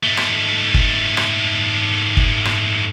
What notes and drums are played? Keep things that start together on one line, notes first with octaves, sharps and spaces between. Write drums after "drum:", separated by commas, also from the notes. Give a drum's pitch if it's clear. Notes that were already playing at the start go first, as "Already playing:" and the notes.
G#2 A3
drum: rim click
drum: kick
drum: rim click
drum: kick
drum: rim click